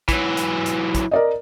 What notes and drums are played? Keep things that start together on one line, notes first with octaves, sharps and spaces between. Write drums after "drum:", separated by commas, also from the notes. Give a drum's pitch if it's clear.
E3 F#3, drum: kick, hi-hat
drum: hi-hat
drum: hi-hat
drum: kick, hi-hat
A#4 D5 D#5